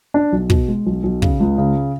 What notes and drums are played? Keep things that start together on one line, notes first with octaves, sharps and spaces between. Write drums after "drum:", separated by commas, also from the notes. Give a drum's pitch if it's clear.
D4
B1
B2, drum: kick
G#3
B1
B1
C#3, drum: kick
C#2
C#3